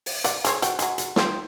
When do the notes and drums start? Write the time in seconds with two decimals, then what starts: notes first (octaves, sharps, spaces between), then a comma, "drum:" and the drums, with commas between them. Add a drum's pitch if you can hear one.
0.06 drum: open hi-hat
0.24 D5 F#5, drum: hi-hat
0.45 G#3 C4 C#5, drum: hi-hat
0.62 F#4 G5, drum: hi-hat
0.79 F#3 G#3, drum: hi-hat
0.98 drum: hi-hat
1.16 C4 D#4 F4, drum: snare